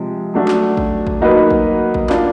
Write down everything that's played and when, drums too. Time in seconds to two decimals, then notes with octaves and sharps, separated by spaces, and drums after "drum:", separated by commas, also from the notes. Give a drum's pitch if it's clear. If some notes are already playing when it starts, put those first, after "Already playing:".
Already playing: C3 F3 G#3
0.34 F#3 A3 D4 F#4
0.48 drum: clap
0.77 drum: kick A1
1.07 drum: kick A1
1.21 F#3 A#3 D#4 F#4 B4
1.50 drum: kick A1
1.94 drum: kick A1
2.09 A#3 D4 F4, drum: clap